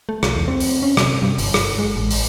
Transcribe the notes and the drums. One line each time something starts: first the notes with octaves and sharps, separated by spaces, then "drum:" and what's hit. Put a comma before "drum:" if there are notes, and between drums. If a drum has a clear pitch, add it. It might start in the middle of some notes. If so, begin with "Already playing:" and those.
A3
C2, drum: rim click
E2
C4
drum: open hi-hat
C#4
C3, drum: rim click
G2
G1, drum: open hi-hat
drum: rim click
G#3
A1
drum: open hi-hat